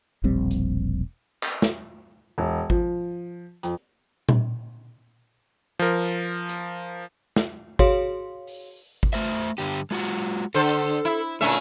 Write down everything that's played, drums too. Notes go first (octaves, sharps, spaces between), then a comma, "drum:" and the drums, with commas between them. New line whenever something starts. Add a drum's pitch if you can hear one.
E1 A#1 G3 C4
drum: hi-hat
drum: clap
drum: snare
E1
F3, drum: kick G#1
F2, drum: hi-hat
drum: tom A#2
F3 A#4
drum: hi-hat
drum: snare
F#4 G#4 C#5 F5 C6, drum: kick G#1
drum: open hi-hat
drum: kick G#1
A3 C5 E5
G2 D3 G4
G#3 F4 F#4
D3 A4 C5
E4
A#2 A3 C#4 D4 E5